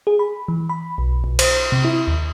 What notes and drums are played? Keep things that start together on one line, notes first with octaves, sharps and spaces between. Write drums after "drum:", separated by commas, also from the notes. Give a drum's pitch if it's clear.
G#4
B5
E3
B5
B1
B1
C5, drum: cymbal
C3
E4
D#2